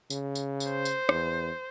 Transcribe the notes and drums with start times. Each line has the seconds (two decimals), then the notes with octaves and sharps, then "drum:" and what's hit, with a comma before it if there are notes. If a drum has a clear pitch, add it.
0.10 C#3, drum: tambourine
0.35 drum: tambourine
0.60 drum: tambourine
0.70 C5
0.85 drum: tambourine
1.09 E2, drum: rim click